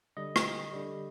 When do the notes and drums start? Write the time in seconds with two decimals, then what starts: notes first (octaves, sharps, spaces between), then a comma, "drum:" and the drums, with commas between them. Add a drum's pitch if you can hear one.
0.17 D3 G3 D#5
0.36 drum: rim click
0.73 D3 G3